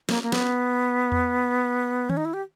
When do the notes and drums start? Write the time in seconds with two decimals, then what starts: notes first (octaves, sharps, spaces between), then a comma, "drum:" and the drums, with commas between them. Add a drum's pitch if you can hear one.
0.09 A#3, drum: snare
0.23 A#3
0.32 B3, drum: snare
1.12 drum: tom E2
2.10 C#4, drum: tom D#3
2.17 D#4
2.25 E4
2.34 G4